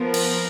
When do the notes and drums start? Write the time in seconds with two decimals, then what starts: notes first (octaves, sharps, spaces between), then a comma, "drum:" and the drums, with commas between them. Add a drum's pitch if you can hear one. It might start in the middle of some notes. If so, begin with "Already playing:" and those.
Already playing: F3 B3 A#4
0.14 drum: cymbal